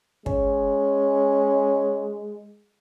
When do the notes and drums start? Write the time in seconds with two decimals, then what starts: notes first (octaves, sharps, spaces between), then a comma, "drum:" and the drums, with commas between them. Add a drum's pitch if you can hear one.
0.26 G#3 C#4, drum: kick